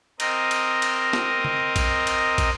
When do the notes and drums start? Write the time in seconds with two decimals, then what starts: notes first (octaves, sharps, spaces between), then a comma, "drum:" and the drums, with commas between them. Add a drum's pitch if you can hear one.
0.20 C4 A#4 D#5, drum: cymbal
0.51 drum: cymbal
0.82 drum: cymbal
1.13 drum: snare
1.45 drum: tom C#3
1.76 drum: kick, cymbal
2.07 drum: cymbal
2.38 drum: kick, cymbal